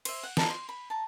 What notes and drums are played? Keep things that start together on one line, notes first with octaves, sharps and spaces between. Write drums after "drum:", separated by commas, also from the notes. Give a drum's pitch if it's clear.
C5 E5, drum: cymbal
F#5
A#4 A5 B5, drum: snare
C6
B5
A5 A#5